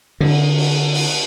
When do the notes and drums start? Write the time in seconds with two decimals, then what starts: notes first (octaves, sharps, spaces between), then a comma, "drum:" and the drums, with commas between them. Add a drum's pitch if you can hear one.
0.21 D3, drum: cymbal
0.57 drum: cymbal
0.93 drum: cymbal